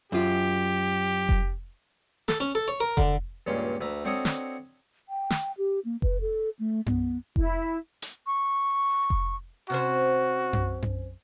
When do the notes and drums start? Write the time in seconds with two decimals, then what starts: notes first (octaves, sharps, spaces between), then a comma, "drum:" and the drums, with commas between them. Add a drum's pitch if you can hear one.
0.12 F#2 F4 G4
1.29 drum: kick F1
2.28 A4, drum: snare
2.40 C#4
2.55 A4
2.68 C#5
2.80 A#4
2.97 D3, drum: kick F1
3.47 C#2 G2 A#2 C#4 D5 C6
3.81 D2 B4 E5 A5 A#5
4.05 C4 D4 F#4 A4 C#5 D#5
4.25 drum: snare
5.09 G5
5.30 drum: snare
5.58 G4
5.85 A#3
6.02 B4, drum: kick F1
6.21 A4
6.59 A3
6.86 B3, drum: tom F#2
7.36 E4, drum: kick F1
8.02 drum: hi-hat
8.27 C#6
9.10 drum: kick F1
9.70 C3 C#4 F#4 C5
10.53 drum: tom F#2
10.82 drum: tom F#2